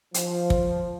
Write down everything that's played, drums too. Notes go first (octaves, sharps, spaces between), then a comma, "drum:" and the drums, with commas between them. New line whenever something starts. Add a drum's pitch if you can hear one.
F3, drum: hi-hat
drum: kick